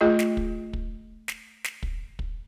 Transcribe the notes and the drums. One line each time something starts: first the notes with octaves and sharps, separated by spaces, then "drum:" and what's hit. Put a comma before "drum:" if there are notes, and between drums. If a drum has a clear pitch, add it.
A3 F4 G#4 D#5
drum: snare
drum: kick
drum: kick
drum: snare
drum: snare
drum: kick
drum: kick